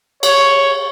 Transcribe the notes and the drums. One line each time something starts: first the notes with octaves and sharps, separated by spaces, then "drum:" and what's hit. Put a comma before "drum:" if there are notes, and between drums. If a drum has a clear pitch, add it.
C#5, drum: cymbal